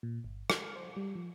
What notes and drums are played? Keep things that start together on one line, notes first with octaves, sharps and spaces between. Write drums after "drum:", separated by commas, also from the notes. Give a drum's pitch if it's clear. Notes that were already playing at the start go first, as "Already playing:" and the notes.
A#2
G1
F6, drum: rim click
C5
G3
F3